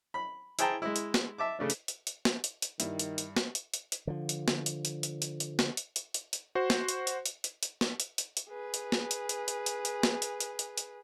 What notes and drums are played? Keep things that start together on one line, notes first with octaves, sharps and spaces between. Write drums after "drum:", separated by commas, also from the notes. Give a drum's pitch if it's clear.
B5
E4 G#4 C5 G5 A5 A#5, drum: hi-hat
G#3 E4
drum: hi-hat
drum: snare
E5 A5 D6
C#3 A3 D4
drum: hi-hat
drum: hi-hat
drum: hi-hat
drum: snare
drum: hi-hat
drum: hi-hat
G2 D#3 E4, drum: hi-hat
drum: hi-hat
drum: hi-hat
drum: snare
drum: hi-hat
drum: hi-hat
drum: hi-hat
D3 F3
drum: hi-hat
drum: snare
drum: hi-hat
drum: hi-hat
drum: hi-hat
drum: hi-hat
drum: hi-hat
drum: snare
drum: hi-hat
drum: hi-hat
drum: hi-hat
drum: hi-hat
F#4 C5
drum: snare
drum: hi-hat
drum: hi-hat
drum: hi-hat
drum: hi-hat
drum: hi-hat
drum: snare
drum: hi-hat
drum: hi-hat
drum: hi-hat
G#4 B4
drum: hi-hat
drum: snare
drum: hi-hat
drum: hi-hat
drum: hi-hat
drum: hi-hat
drum: hi-hat
drum: snare
drum: hi-hat
drum: hi-hat
drum: hi-hat
drum: hi-hat